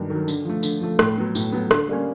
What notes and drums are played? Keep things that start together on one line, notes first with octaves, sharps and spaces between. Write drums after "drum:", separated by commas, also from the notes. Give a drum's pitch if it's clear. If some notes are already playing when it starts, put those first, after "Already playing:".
Already playing: G2 D#3 F#3
D#3 F#3
D3, drum: tambourine
F3 A3
D3, drum: tambourine
F3 A3
A2, drum: rim click
F#3 B3
A2, drum: tambourine
F#3 B3
D3, drum: rim click
G3 A#3 C#4